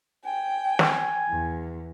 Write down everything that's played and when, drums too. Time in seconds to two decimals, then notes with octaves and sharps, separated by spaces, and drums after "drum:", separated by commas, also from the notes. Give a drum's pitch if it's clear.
0.25 G5 G#5
0.79 drum: snare
1.30 E2